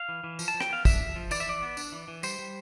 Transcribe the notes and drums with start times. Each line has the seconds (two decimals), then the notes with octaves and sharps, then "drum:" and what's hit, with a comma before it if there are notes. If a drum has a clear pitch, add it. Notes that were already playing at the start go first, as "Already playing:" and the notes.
Already playing: F5
0.09 E3
0.24 E3
0.39 F3, drum: tambourine
0.48 A5
0.54 F3
0.61 G5, drum: rim click
0.70 B3 F5
0.85 D4 E5, drum: kick, tambourine
1.00 F3
1.16 F3
1.31 E3 D5, drum: tambourine
1.40 E5
1.47 E3 D5
1.62 B3
1.77 D4, drum: tambourine
1.92 E3
2.08 E3
2.23 G3 C5, drum: tambourine
2.39 G3